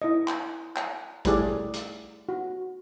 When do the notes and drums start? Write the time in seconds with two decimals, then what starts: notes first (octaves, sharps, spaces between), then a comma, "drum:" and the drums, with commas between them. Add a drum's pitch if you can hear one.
0.02 E4 D#5
0.28 drum: clap
0.76 drum: clap
1.25 G3 A3 E4 G4 G#4 D5, drum: kick, hi-hat
1.74 drum: hi-hat
2.29 F#4